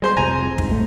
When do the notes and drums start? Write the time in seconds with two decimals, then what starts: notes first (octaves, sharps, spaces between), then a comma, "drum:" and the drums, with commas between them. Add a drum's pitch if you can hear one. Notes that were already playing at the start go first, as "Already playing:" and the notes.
0.02 G3 G#3 C5 C6
0.17 F1 C2 F2 G#5 A#5
0.58 G#2, drum: kick
0.70 C2 A2 A3